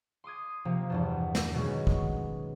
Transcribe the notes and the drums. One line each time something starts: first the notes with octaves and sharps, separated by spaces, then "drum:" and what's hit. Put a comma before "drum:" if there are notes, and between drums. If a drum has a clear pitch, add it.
C6 D6 D#6 G#6
C3 F3 A#3
E2 G2 B2
drum: snare
B2 D#3 F#3 G#3 C#4
drum: kick